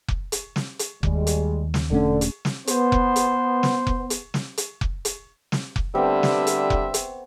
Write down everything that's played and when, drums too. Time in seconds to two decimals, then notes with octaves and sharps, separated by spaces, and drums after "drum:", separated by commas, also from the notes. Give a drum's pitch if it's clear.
0.08 drum: kick F1
0.32 drum: hi-hat
0.56 drum: snare
0.79 drum: hi-hat
1.03 D#2 G3 G#3, drum: kick F1
1.27 drum: hi-hat
1.74 drum: snare
1.91 E1 D3 A3 C#4
2.21 drum: hi-hat
2.45 drum: snare
2.67 B3 C5, drum: hi-hat
2.92 drum: kick F1
3.16 drum: hi-hat
3.63 drum: snare
3.87 drum: kick F1
4.10 drum: hi-hat
4.34 drum: snare
4.58 drum: hi-hat
4.81 drum: kick F1
5.05 drum: hi-hat
5.52 drum: snare
5.76 drum: kick F1
5.95 D3 G3 A3 B3 C4 E5
6.23 drum: snare
6.47 drum: hi-hat
6.70 drum: kick F1
6.94 drum: hi-hat